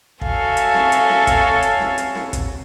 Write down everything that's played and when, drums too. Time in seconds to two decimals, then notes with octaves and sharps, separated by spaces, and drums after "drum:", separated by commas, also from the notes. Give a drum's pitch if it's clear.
0.21 F#4 A4 C#5 E5 F5 G#5, drum: kick
0.57 drum: hi-hat
0.74 drum: snare C4
0.92 drum: hi-hat
1.10 drum: snare C4
1.27 drum: kick, hi-hat
1.62 drum: hi-hat
1.80 drum: snare C4
1.98 drum: hi-hat
2.15 drum: snare C4
2.33 drum: kick, hi-hat